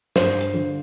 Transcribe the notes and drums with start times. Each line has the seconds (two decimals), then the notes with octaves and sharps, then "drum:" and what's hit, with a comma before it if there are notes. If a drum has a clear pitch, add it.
0.16 G2 C5, drum: snare
0.41 drum: hi-hat
0.53 D3 F3